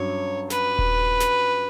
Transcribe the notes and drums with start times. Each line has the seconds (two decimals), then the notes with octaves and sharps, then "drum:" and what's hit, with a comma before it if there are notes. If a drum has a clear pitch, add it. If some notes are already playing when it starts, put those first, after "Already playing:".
Already playing: G2 F#3 C#4 C#5
0.50 B4, drum: snare
0.79 drum: kick D#1
1.20 drum: snare